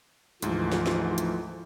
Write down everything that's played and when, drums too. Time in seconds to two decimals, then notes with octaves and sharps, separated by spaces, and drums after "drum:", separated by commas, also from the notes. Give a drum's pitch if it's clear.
0.42 D2 G#2 E3 F3 A3, drum: hi-hat
0.72 drum: snare
0.86 drum: snare
1.18 drum: hi-hat